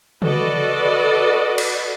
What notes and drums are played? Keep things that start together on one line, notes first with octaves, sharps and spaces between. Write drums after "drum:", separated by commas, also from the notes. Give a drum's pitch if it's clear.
F#4 A4 B4 D5 D#5, drum: tom
drum: cymbal